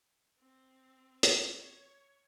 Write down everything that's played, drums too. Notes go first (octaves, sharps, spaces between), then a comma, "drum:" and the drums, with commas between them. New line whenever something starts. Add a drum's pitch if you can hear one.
C4
drum: hi-hat
C#5